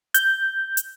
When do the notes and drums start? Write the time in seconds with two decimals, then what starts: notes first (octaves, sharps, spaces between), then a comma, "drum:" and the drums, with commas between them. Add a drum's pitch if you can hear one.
0.14 G6, drum: hi-hat
0.77 drum: hi-hat